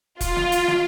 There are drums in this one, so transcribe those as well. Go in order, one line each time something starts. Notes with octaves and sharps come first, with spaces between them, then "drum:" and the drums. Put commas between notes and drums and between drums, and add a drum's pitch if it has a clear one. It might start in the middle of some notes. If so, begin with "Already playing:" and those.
F4, drum: kick E1, hi-hat
drum: snare
drum: hi-hat
drum: snare